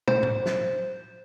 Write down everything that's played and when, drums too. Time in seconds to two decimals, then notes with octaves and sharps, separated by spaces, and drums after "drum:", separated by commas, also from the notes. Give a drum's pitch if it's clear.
0.08 C5, drum: tom
0.23 drum: tom A2
0.46 drum: snare